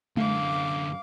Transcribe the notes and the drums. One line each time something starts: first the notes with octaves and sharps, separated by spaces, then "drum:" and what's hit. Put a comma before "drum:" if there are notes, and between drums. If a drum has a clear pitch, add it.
F#2 D3 F5 D6, drum: tom G#3